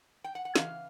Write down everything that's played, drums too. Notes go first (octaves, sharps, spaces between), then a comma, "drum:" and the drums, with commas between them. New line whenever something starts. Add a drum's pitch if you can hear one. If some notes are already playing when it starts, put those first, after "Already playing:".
G5
F#5
F#5
C#3 E3 F5, drum: snare